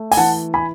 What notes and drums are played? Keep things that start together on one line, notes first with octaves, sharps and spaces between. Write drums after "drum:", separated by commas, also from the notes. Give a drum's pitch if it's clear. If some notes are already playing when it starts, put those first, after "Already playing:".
Already playing: A3
G#5, drum: open hi-hat
E3 F#5 A5
G#5 B5